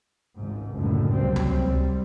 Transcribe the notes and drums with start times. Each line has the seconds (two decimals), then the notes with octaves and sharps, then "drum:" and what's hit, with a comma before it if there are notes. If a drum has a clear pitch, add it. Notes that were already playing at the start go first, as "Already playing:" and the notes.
0.38 G#1 C#2 G#2
0.75 F#1 C#2 A2 D3 D#3
1.12 C2 F#3 G3 C4
1.36 drum: tom C#2
1.66 G3